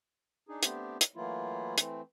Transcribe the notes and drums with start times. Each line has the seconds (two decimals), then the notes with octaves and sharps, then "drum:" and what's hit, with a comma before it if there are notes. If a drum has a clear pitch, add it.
0.49 D4 D#4 G#4
0.63 A3 B3 C4 D4 G4, drum: hi-hat
1.01 drum: hi-hat
1.16 E3 F#3 A3 A#3 E4 F4
1.78 E3 A3 C4, drum: hi-hat